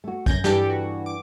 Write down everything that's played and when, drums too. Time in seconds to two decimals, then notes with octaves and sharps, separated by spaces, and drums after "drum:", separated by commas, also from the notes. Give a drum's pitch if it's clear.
0.04 A3 F#4
0.26 F#2 C#4 G6 G#6 A#6, drum: kick A1
0.44 G2 E3 G4 A4, drum: snare
0.70 F#4
1.06 D6